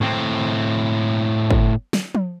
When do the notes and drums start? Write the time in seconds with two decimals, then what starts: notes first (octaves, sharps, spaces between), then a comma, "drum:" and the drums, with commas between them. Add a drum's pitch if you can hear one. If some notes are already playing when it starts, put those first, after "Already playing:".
0.01 A2 C4
1.51 drum: kick
1.93 drum: snare
2.15 drum: tom F3